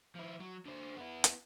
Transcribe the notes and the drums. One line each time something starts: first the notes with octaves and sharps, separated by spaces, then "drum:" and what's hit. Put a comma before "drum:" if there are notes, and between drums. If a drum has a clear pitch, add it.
F3 E4
F#3
D3 C5
B3 E4
drum: hi-hat